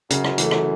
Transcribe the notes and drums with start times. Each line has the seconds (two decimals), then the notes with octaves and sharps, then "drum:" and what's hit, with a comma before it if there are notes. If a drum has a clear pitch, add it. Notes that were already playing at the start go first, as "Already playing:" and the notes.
0.10 F#2 C#3, drum: hi-hat
0.24 drum: rim click
0.38 E3 A3, drum: hi-hat
0.51 drum: rim click